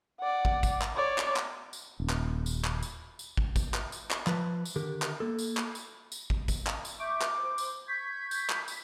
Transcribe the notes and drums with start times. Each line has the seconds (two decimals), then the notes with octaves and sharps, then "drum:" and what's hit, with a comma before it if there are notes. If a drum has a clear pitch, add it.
0.20 D5 F#5
0.45 drum: kick
0.63 drum: kick, tambourine
0.81 drum: clap
0.95 C#5 D5
1.18 drum: clap
1.36 drum: clap
1.73 drum: tambourine
2.00 D#1
2.09 drum: clap
2.46 drum: tambourine
2.64 drum: clap
2.83 drum: tambourine
3.19 drum: tambourine
3.37 drum: kick
3.56 drum: kick, tambourine
3.74 drum: clap
3.92 drum: tambourine
4.11 drum: clap
4.27 F3 B4 A5, drum: clap
4.65 drum: tambourine
4.76 D3 D#3 G4 A#4
5.02 drum: clap
5.20 A#3 A4
5.39 drum: tambourine
5.57 drum: clap
5.75 drum: tambourine
6.12 drum: tambourine
6.30 drum: kick
6.48 drum: kick, tambourine
6.67 drum: clap
6.85 drum: tambourine
6.99 E5 C#6 D6 G6
7.21 drum: clap
7.39 C5
7.58 drum: tambourine
7.88 C#6 G6 G#6 B6
8.31 drum: tambourine
8.49 drum: clap
8.68 drum: tambourine